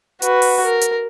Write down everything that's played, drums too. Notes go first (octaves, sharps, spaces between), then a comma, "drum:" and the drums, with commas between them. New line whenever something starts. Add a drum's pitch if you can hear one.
F#4 B4, drum: hi-hat
drum: open hi-hat
A#4
drum: hi-hat